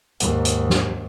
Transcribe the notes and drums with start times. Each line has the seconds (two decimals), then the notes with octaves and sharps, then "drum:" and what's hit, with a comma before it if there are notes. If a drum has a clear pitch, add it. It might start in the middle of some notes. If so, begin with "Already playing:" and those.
0.20 D#2 G#2, drum: hi-hat
0.45 drum: hi-hat
0.70 drum: snare